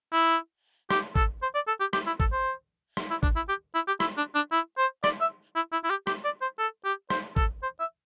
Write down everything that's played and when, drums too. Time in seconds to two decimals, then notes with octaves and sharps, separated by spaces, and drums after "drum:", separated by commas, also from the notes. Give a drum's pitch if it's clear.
0.13 E4
0.90 G4, drum: rim click
1.16 A4, drum: kick
1.42 C5
1.55 D5
1.68 A4
1.80 G4
1.93 G4, drum: rim click
2.07 E4
2.20 A4, drum: kick
2.32 C5
2.97 drum: rim click
3.10 E4
3.23 D4, drum: kick
3.36 E4
3.49 G4
3.75 E4
3.87 G4
4.00 E4, drum: rim click
4.17 D4
4.35 D4
4.52 E4
4.78 C5
5.04 D5, drum: rim click
5.21 E5
5.56 E4
5.73 E4
5.84 E4
5.90 G4
6.07 G4, drum: rim click
6.25 D5
6.42 C5
6.59 A4
6.85 G4
7.10 C5, drum: rim click
7.36 A4, drum: kick
7.63 C5
7.80 E5